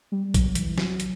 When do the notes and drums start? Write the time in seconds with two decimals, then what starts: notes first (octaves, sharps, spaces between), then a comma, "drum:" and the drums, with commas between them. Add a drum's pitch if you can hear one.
0.12 G3
0.34 F#3, drum: kick, hi-hat
0.55 E3, drum: hi-hat
0.78 F#3, drum: snare
1.00 drum: hi-hat